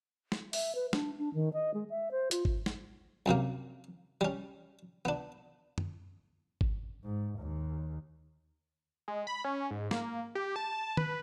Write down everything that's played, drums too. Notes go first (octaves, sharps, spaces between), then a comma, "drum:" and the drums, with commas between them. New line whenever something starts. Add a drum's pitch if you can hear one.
drum: snare
E5, drum: open hi-hat
B4
D4, drum: snare
D4
D#3
D#5
G#3
E5
C5
F4, drum: hi-hat
drum: kick G#1
drum: snare
C#2 F#2 C3 A#3
G3 C#4
B3 D4
drum: tom F#2
drum: kick G#1
G#2
D#2
G#3
B5
C#4
G#2
A#3, drum: snare
G4
A5
B4, drum: tom